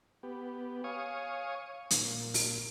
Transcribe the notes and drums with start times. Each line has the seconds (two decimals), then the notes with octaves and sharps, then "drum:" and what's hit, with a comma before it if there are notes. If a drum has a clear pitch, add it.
0.23 B3 G4
0.84 C#5 F5 G#5 C#6 D#6
1.91 A#2, drum: hi-hat
2.34 drum: open hi-hat